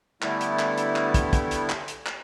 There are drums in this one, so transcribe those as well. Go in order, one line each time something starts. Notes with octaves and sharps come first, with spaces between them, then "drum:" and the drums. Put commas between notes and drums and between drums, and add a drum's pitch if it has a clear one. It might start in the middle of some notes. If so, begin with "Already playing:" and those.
D3 G3 A3 B3 E4, drum: clap
drum: hi-hat
drum: clap
drum: hi-hat
drum: clap
drum: kick, hi-hat
drum: kick, hi-hat
drum: hi-hat
drum: clap
drum: hi-hat
drum: clap